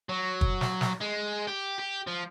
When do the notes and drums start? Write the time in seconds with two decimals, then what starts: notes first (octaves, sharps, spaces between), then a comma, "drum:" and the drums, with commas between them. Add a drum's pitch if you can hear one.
0.09 F#3
0.41 drum: kick
0.61 drum: snare
0.81 drum: snare
1.01 G#3
1.47 G4
1.79 G4
2.07 F3